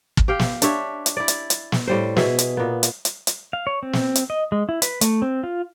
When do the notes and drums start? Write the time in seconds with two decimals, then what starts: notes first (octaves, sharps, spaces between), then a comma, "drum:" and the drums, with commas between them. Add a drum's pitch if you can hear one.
0.17 drum: kick
0.28 G4 F5 G5
0.39 drum: snare
0.62 D4 G4 C#5 E5, drum: hi-hat
1.06 drum: hi-hat
1.17 E4 D5
1.28 drum: hi-hat
1.50 drum: hi-hat
1.72 drum: snare
1.87 A2 G3 C5
2.16 B2 G#4 E5, drum: snare
2.38 drum: hi-hat
2.57 A#2 B3
2.83 drum: hi-hat
3.05 drum: hi-hat
3.27 drum: hi-hat
3.53 F5
3.67 C#5
3.83 C4
3.93 drum: snare
4.15 drum: hi-hat
4.30 D#5
4.52 G#3
4.69 E4
4.82 B4, drum: hi-hat
5.01 A3, drum: hi-hat
5.22 C4
5.44 F4